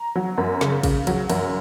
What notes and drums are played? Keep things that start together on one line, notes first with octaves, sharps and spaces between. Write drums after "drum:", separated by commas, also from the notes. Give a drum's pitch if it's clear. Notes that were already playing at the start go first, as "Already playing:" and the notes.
Already playing: A#5
F#3
F#2
C#3, drum: snare
C#3, drum: kick, cymbal
F#3, drum: cymbal
F#2, drum: cymbal